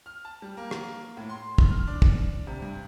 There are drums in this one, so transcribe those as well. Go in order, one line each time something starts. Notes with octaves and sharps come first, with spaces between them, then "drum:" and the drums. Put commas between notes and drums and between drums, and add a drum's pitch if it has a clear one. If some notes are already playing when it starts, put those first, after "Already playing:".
F6
A5
G3
A#3
drum: rim click
A2
C6
drum: kick
F6
D4
drum: kick
C3
G2